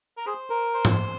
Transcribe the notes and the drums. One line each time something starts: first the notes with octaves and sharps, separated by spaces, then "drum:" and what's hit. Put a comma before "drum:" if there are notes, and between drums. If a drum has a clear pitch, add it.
A#4
G#4 C5
A#4
C5
drum: tom G#2